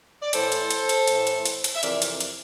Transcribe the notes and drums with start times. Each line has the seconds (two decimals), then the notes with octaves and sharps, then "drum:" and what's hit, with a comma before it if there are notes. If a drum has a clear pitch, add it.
0.22 D5
0.33 A2 E3 A4 C5, drum: hi-hat
0.52 drum: hi-hat
0.71 drum: hi-hat
0.89 drum: hi-hat
1.08 A2 E3, drum: hi-hat
1.27 drum: hi-hat
1.46 drum: hi-hat
1.64 drum: hi-hat
1.75 E5
1.83 F2 C3 E3 A#4 D5, drum: hi-hat
2.02 drum: hi-hat
2.21 drum: hi-hat